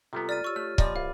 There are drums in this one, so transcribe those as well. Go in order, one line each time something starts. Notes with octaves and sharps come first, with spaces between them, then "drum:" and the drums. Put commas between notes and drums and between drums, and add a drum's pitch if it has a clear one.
C3 G3 B3 F4 A4 A#5
D5 F6 A6 D#7
F4 G4 C#5 C#6 E6
A3 F6
A#2 F3 D5 D#5 B5 D6, drum: kick
C2 F5